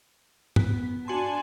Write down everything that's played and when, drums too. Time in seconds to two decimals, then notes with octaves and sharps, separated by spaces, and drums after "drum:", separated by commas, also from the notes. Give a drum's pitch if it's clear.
0.56 B3, drum: tom G2
1.08 D4 F#4 G#5 A5 C6